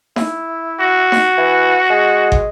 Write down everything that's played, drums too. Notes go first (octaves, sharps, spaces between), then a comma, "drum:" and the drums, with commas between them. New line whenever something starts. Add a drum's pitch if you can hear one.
E4, drum: snare D#4
F#4
drum: snare D#4
E3
G#3
drum: kick